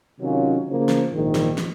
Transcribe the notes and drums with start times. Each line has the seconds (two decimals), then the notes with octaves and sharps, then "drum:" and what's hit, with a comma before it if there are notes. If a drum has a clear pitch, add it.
0.19 C3 D#3 F#3 C#4 F4
0.66 C#3 F3 A#3
0.89 drum: snare
1.11 A#1 G#2 D#3
1.35 drum: snare
1.58 drum: snare